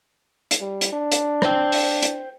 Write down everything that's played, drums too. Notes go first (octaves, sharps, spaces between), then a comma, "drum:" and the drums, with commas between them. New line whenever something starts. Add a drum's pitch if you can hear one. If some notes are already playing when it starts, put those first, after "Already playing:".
drum: hi-hat
G3
drum: hi-hat
D4
drum: hi-hat
C5 G5, drum: rim click
drum: open hi-hat
drum: hi-hat